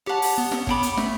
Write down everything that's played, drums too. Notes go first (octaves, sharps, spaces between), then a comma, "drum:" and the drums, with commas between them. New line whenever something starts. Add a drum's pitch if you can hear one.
G4 C#5 F#5 A5
drum: open hi-hat
B3
B3, drum: snare
B3 C#5 G5 B5 D6, drum: kick
drum: hi-hat
A3, drum: snare